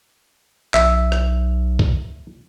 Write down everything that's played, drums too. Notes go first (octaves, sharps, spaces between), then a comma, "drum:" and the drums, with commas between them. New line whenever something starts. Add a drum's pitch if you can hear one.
B1 E5, drum: clap
drum: rim click
drum: kick